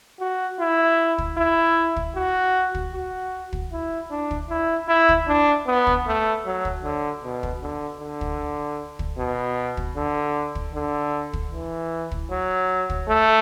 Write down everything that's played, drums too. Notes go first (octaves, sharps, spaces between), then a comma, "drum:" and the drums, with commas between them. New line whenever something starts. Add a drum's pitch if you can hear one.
F#4
E4
drum: kick
E4
drum: kick
F#4
drum: kick
F#4
drum: kick
E4
D4
drum: kick
E4
E4
drum: kick
D4
B3
drum: kick
A3
F#3
drum: kick
D3
B2
drum: kick
D3
D3
drum: kick
drum: kick
B2
drum: kick
D3
drum: kick
D3
drum: kick
E3
drum: kick
F#3
drum: kick
A3